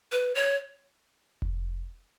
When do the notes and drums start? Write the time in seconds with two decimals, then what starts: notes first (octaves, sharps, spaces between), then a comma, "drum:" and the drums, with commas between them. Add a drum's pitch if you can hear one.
0.12 B4
0.35 C#5
1.42 drum: kick F1